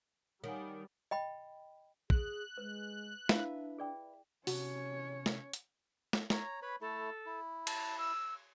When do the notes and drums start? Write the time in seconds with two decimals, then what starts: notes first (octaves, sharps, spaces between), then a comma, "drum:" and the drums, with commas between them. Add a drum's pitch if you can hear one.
0.44 D#3 G3 C#5 F#5 G#5
1.11 D#5 G5 B5
2.10 G#4 F#6, drum: kick
2.58 G#3 B4
3.29 D4 E4 B4 E5 F5, drum: snare
3.78 G#4 D5 G5
4.47 C3 C#4 F#4 C#5, drum: open hi-hat
5.26 drum: snare
5.53 drum: hi-hat
6.13 drum: snare
6.30 C#5 A#5, drum: snare
6.62 B4 C#5 B5
6.81 A3 E4 A4
7.26 E4
7.67 A5, drum: cymbal
7.99 E6